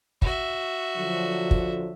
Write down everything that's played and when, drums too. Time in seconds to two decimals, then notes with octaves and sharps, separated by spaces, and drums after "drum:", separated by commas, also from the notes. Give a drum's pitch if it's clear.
0.22 F#4 E5, drum: kick
0.96 D3 F3 F#3
1.51 drum: kick